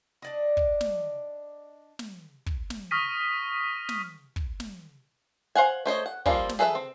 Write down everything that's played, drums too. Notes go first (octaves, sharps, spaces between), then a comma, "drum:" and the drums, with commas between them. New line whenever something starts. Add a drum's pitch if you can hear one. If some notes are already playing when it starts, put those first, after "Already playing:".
D4 D5 D#5
drum: kick
drum: snare
drum: snare
drum: kick
drum: snare
C#6 D#6 F6 A#6 B6 D#7
drum: snare
drum: kick
drum: snare
C5 F5 F#5 G#5
A3 C5 C#5 D#5
F#5
F3 G3 A#3 C4 F4, drum: kick
drum: snare
G#4 A4 B4 C5 E5
C4